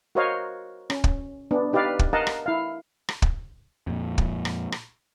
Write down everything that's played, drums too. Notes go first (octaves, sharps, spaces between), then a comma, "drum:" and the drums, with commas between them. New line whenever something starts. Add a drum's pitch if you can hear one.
F#4 A#4 C5 C#5 D#5 F5
C#4, drum: rim click
drum: kick
B3 D4
D#4 G4 B4 D5 F5
drum: kick
A#4 D#5 F5 F#5 A5 A#5
drum: rim click
E4 F5
drum: rim click
drum: kick
F2 A#2
drum: kick
drum: rim click
drum: rim click